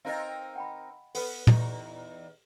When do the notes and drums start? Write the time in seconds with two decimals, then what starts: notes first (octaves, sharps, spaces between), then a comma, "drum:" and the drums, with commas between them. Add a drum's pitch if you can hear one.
0.05 C4 D#4 A#4 D#5 F5
0.56 F#5 G5 B5
1.15 B3 A4 B4, drum: open hi-hat
1.47 E2 G#2 D#4 G4, drum: tom